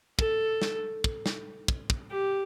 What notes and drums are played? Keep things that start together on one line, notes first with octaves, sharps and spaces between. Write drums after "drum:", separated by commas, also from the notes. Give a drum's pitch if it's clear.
A4, drum: kick
drum: snare
drum: kick
drum: snare
drum: kick
drum: kick
G4